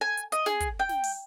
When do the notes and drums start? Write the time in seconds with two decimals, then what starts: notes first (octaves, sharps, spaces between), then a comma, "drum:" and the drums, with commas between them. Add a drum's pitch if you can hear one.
0.01 G#5
0.17 drum: hi-hat
0.32 D#5, drum: hi-hat
0.46 G#4, drum: snare
0.60 drum: kick, hi-hat
0.79 G5
0.89 drum: snare
1.04 drum: open hi-hat